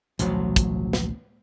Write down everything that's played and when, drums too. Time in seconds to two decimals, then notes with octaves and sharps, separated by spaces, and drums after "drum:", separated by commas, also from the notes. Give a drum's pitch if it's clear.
0.19 A1 D2 B2 F3 F#3, drum: hi-hat
0.56 drum: kick, hi-hat
0.93 drum: snare